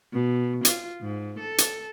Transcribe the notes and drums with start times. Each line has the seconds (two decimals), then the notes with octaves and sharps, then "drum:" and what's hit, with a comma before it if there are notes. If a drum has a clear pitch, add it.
0.13 B2
0.65 F4, drum: hi-hat
1.01 G#2
1.40 A4
1.58 drum: hi-hat